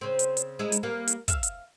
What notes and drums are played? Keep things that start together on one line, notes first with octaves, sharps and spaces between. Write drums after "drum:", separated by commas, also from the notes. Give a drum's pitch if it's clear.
C#3 C4
drum: hi-hat
drum: hi-hat
G#3 D#4 E4
drum: hi-hat
G3 A#3
drum: hi-hat
E5 F5, drum: kick, hi-hat
drum: hi-hat